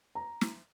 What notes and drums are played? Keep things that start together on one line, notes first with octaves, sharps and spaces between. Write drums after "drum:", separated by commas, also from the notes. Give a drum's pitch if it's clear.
A#5
drum: snare